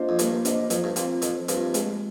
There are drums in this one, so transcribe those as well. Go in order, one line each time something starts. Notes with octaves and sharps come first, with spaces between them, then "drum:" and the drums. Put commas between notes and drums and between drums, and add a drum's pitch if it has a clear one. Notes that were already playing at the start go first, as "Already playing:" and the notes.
Already playing: A#3 D4 F4 C5 D#5
F2
G2 A#3, drum: hi-hat
D4 F4 C5 D#5, drum: hi-hat
F2 F3, drum: hi-hat
G2
A#2 C4 F4, drum: hi-hat
F2 F3, drum: hi-hat
G2 C4 F4, drum: hi-hat
G#3, drum: hi-hat